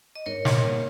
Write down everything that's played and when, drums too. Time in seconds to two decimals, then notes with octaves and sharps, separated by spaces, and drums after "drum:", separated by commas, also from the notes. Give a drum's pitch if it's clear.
0.15 D#5
0.26 G#2 A#4 C#5
0.45 D#4, drum: snare
0.64 A#3